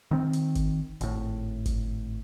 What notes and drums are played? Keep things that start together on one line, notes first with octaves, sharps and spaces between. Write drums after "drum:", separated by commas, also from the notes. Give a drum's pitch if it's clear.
D#3 C4
drum: hi-hat
drum: kick G1, hi-hat
G#1 A2, drum: hi-hat
drum: kick G1, hi-hat